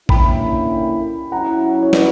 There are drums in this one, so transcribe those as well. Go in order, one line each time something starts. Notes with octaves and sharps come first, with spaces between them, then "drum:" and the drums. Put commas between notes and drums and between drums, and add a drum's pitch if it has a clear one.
D3 A#3 C#4 E4 G5 B5, drum: kick A1
F#3 C#4 E4 F#5 A#5
C#5
B4 D5, drum: snare